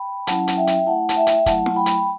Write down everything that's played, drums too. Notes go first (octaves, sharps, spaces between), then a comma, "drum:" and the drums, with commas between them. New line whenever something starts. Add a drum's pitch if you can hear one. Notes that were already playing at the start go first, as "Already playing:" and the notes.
Already playing: G5 B5
F#3 C#4 E4 F#5 A5, drum: hi-hat
drum: hi-hat
E5 G5
drum: hi-hat
A3 E4 F#5 A5
A5, drum: hi-hat
E5 G5
drum: hi-hat
F#3 A3 E4 F#5 A5, drum: kick, hi-hat
drum: snare
G5 B5
drum: hi-hat